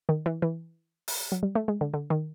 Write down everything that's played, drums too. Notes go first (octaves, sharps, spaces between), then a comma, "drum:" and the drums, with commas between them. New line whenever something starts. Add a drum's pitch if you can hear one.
D#3
E3
E3
drum: open hi-hat
F#3
G3
A3
G#3
D3
D3
D#3